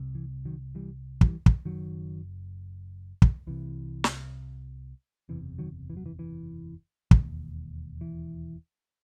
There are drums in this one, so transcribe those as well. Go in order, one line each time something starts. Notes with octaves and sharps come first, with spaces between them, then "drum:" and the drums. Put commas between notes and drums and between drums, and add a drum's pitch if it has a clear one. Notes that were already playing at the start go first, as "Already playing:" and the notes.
Already playing: C2 C3
E3
D#3 F#3
E3 G3
E3 G3, drum: kick
drum: kick
F#1 F#2 D#3 F#3
drum: kick
C2 C3 E3
drum: snare
F#1 E2 C3 E3
D#3 F#3
E3
F#3
E3
E3
E1 D#2, drum: kick
E3